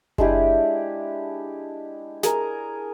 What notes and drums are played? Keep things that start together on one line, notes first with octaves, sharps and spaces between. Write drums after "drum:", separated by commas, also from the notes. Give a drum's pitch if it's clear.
G#3 D4 E4 G4, drum: kick F#1
G#4 A#4, drum: snare